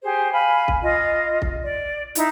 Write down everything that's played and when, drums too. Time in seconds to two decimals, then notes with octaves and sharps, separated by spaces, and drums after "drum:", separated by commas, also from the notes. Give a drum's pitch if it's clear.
0.03 G4 G#4 C5
0.31 F5 G#5 B5
0.68 drum: kick
0.82 F4 D#5
1.42 drum: kick
1.61 D5
2.15 D#4 E4, drum: hi-hat